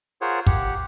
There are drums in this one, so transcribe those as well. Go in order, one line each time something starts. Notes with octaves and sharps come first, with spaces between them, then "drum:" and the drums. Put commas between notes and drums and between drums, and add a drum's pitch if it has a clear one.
F4 G#4 A#4 C5 C#5 F#5
G4 F#5, drum: kick